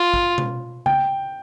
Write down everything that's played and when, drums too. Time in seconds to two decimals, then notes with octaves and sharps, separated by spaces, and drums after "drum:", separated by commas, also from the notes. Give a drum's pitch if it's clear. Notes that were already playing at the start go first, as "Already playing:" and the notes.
Already playing: F4
0.14 drum: kick
0.38 drum: tom B2
0.86 G5, drum: tom C#3